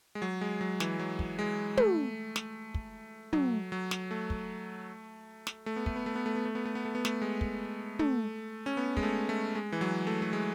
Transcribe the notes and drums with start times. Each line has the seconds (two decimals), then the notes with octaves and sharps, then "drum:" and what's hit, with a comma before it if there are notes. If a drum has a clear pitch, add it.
0.15 G#3
0.22 F#3
0.41 G#3
0.61 F#3
0.80 E3, drum: snare
0.99 F#3
1.19 drum: kick
1.39 G#3
1.77 A3, drum: tom
2.36 drum: snare
2.75 drum: kick
3.33 F#3, drum: tom
3.72 F#3
3.91 drum: snare
4.11 A3
4.30 drum: kick
5.47 drum: snare
5.66 A3
5.76 B3
5.86 A3, drum: kick
5.96 B3
6.06 A3
6.15 B3
6.26 A3
6.36 B3
6.45 A3
6.55 B3
6.65 A3
6.75 B3
6.85 A3
6.95 B3
7.05 A3, drum: snare
7.22 G#3
7.41 drum: kick
7.99 A3, drum: tom
8.66 C#4
8.77 B3
8.97 G#3, drum: kick
9.03 A3
9.29 A3
9.55 G#3
9.72 E3
9.81 F#3
10.07 A3
10.22 A3
10.33 G#3